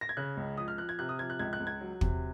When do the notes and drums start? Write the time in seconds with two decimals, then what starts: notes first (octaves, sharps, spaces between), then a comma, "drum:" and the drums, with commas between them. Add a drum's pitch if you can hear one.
0.01 A#6
0.09 G#6
0.17 C#3 F#6
0.37 C#2
0.57 F3 D#6
0.68 F6
0.78 F3 F#6
0.89 G#6
0.99 C3 F#6
1.09 D#6
1.19 F3 G#6
1.30 F#6
1.39 C#2 G#6
1.53 F#6
1.60 C#2
1.67 G#6
1.81 F#3
2.01 C3, drum: kick